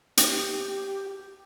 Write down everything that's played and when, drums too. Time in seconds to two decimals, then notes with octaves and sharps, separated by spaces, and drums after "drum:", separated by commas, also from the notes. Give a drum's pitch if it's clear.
0.17 G4, drum: hi-hat